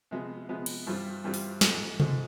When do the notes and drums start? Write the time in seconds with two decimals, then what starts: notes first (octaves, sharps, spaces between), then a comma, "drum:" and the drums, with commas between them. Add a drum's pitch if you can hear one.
0.11 C3 F3 G#3 B3
0.49 C3 F3 G#3 B3
0.66 drum: cymbal
0.87 G2 E3 G3 C4 F4
1.24 G2 E3 G3 C4 F4
1.34 drum: open hi-hat
1.61 A1 G#2 F3 A3, drum: snare
2.00 G#2 F3 A3, drum: tom C3